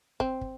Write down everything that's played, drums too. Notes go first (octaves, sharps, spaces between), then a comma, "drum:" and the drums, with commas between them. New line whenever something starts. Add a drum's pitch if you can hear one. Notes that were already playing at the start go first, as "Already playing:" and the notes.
C4, drum: kick
drum: kick